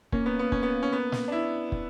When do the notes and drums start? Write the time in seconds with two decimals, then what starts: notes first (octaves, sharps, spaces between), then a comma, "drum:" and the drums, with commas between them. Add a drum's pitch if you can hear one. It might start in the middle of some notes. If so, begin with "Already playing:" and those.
0.12 A#3 C#4, drum: kick
0.26 B3
0.39 B3
0.52 C#4, drum: kick
0.63 B3
0.83 C#4
0.92 B3
1.12 drum: snare
1.28 D4
1.32 E4
1.72 drum: kick